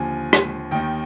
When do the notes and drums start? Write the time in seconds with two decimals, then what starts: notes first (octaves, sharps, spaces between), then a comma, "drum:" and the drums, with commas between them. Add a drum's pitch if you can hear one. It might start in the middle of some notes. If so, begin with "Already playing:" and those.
Already playing: D#2 D3 F3 G#5
0.33 drum: rim click
0.71 D#2 D#3 G5